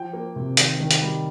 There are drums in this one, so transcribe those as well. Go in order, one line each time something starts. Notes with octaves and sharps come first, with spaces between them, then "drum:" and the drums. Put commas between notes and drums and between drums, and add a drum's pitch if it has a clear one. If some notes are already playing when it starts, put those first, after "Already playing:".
Already playing: F3 G5
A#3
C3
D#3, drum: hi-hat
D#3
drum: hi-hat
G3